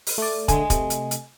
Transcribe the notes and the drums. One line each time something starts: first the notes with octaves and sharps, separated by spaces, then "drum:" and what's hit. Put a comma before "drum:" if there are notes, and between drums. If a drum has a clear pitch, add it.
drum: open hi-hat
A3 D5
D3 A3 D#5 G#5, drum: kick, hi-hat
C3 A3, drum: kick, hi-hat
drum: hi-hat
drum: hi-hat